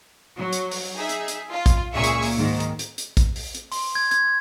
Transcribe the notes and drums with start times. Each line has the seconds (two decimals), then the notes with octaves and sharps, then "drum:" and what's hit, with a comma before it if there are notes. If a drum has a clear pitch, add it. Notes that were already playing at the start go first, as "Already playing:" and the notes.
0.37 F#3
0.53 drum: hi-hat
0.71 drum: open hi-hat
0.95 D#4 G#4 E5
1.09 drum: hi-hat
1.28 drum: hi-hat
1.51 F4
1.66 drum: kick A1, hi-hat
1.93 C#2 A#2 G#4 E5 C#6
2.04 drum: hi-hat
2.22 drum: open hi-hat
2.37 G#2 D#3
2.60 drum: hi-hat
2.79 drum: hi-hat
2.98 drum: hi-hat
3.17 drum: kick A1, hi-hat
3.36 drum: open hi-hat
3.55 drum: hi-hat
3.72 C6, drum: open hi-hat
3.95 G#6
4.11 G#6, drum: hi-hat